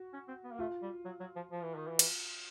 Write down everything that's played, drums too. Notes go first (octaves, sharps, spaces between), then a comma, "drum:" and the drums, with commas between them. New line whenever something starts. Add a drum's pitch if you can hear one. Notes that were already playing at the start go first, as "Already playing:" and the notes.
Already playing: F#4
C#4
C4
B3
A#3
A3 F4
G3
F#3
F#3
F3
F3
E3
D#3
E3
drum: cymbal